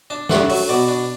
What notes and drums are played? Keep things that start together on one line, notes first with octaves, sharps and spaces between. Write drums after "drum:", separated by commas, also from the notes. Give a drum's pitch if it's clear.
D4 A5
A3 F#5, drum: snare
F#3, drum: open hi-hat
B2 D5
D4